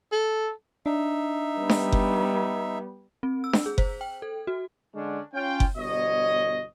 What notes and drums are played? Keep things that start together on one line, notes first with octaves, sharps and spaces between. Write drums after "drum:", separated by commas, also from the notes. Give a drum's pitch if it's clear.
A4
D4 D#4 E5
G3 B3
drum: snare D4
drum: kick F#1
C4
E6
drum: snare D4
G#4
C5, drum: kick F#1
G5
A4
F#4
D3 G#3 C#4 D4
C#4 F4 G5
drum: kick F#1
G1 B2 C#5 D#5